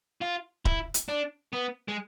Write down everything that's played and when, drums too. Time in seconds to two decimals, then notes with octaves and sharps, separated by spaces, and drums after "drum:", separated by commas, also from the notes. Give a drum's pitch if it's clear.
0.21 F4
0.65 E4, drum: kick D1
0.94 drum: hi-hat
1.09 D4
1.53 B3
1.89 G#3